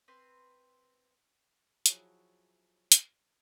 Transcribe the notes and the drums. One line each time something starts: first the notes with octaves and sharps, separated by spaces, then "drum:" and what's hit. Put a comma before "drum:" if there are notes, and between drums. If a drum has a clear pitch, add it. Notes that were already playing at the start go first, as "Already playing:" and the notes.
C4 B4 C6
F3 F#3 E4 F#4 G#4 C#5, drum: hi-hat
drum: hi-hat